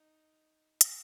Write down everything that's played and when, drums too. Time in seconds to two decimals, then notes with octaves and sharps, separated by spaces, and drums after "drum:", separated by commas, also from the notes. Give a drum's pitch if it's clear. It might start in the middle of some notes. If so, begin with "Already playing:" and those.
Already playing: D#4
0.81 drum: hi-hat